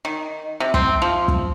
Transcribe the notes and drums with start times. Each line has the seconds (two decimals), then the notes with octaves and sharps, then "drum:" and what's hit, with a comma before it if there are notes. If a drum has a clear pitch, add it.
0.05 D#3
0.60 C3
0.74 C4, drum: kick
1.02 F3
1.28 drum: kick